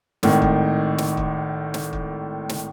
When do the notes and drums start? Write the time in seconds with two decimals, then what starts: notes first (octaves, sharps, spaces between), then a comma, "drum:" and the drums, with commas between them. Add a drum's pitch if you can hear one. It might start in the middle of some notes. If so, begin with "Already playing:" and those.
0.23 G#1 A2 D#3, drum: snare
0.42 drum: kick
0.98 drum: snare
1.17 drum: kick
1.74 drum: snare
1.93 drum: kick
2.49 drum: snare